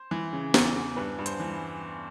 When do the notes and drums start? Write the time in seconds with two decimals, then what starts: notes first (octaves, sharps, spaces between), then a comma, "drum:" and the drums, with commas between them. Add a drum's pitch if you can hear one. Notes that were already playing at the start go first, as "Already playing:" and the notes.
Already playing: C5
0.11 E3
0.33 C#3
0.54 E2, drum: snare
0.76 E2
0.97 G2 B4
1.19 G2
1.26 C5, drum: hi-hat
1.40 E3